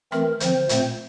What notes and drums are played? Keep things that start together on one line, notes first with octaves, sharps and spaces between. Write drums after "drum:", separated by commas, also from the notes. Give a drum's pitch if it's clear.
E3 A3 C4 A#4, drum: rim click
D3 F3 C4 C5, drum: hi-hat
A#2 A3 C4, drum: hi-hat